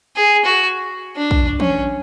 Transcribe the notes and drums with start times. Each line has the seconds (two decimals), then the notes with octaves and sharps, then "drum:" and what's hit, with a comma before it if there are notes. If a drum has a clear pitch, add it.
0.16 G#4
0.45 F#4
1.17 D4
1.31 drum: kick
1.60 C#4, drum: tom E3